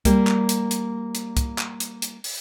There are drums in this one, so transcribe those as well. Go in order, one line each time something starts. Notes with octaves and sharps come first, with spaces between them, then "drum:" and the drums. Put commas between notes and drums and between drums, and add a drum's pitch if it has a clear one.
G3 A#3 G4, drum: kick, hi-hat
drum: clap
drum: hi-hat
drum: hi-hat
drum: hi-hat
drum: kick, hi-hat
drum: clap
drum: hi-hat
drum: hi-hat
drum: open hi-hat